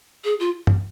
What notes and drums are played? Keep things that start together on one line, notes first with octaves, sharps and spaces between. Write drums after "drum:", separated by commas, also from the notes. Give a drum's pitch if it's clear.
G#4
F4
drum: tom